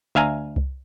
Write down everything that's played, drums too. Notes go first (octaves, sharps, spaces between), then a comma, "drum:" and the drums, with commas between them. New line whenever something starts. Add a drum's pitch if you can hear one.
D2 E5 F5 G#5 A#5
drum: kick C2